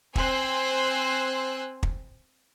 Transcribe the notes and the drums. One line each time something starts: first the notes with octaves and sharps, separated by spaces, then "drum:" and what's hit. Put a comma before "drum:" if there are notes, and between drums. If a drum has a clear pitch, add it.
C4 C5 G#5 E6 F#6, drum: kick
drum: kick